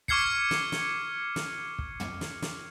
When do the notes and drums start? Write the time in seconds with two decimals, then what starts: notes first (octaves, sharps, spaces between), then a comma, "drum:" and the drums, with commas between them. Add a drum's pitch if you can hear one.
0.08 C#6 D6 F6 G#6 C7 C#7, drum: kick
0.51 drum: snare
0.72 drum: snare
1.36 drum: snare
1.78 drum: kick
2.00 drum: tom
2.21 drum: snare
2.42 drum: snare